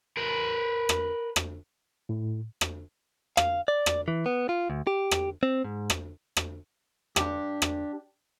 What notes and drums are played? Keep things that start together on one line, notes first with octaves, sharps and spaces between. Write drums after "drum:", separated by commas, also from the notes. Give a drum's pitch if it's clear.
A#4 B4
drum: rim click
drum: rim click
A2
drum: rim click
F5, drum: rim click
D5
drum: rim click
E3
B3
F4
D2
G4
drum: rim click
C4
G#2
drum: rim click
drum: rim click
D4 G4, drum: rim click
drum: rim click